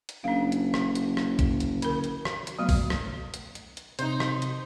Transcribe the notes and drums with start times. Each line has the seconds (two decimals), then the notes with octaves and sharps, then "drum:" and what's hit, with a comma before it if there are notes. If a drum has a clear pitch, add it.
0.09 drum: hi-hat
0.24 F#1 D4 F5
0.52 drum: hi-hat
0.74 drum: rim click
0.95 drum: hi-hat
1.17 drum: rim click
1.39 drum: kick A#1, hi-hat
1.60 drum: hi-hat
1.82 D3 A#4, drum: hi-hat
2.04 drum: hi-hat
2.25 drum: rim click
2.47 drum: hi-hat
2.59 B2 F#3 A3
2.69 drum: kick A#1, open hi-hat
2.90 drum: rim click
3.34 drum: hi-hat
3.55 drum: hi-hat
3.77 drum: hi-hat
3.99 C3 D#4 C5, drum: hi-hat
4.20 drum: rim click
4.42 drum: hi-hat